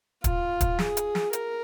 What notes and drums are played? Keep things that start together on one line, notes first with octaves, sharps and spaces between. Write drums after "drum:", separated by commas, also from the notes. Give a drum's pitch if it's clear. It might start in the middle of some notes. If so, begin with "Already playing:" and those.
F4, drum: kick, hi-hat
drum: kick, hi-hat
G#4, drum: snare
drum: hi-hat
drum: snare
A#4, drum: hi-hat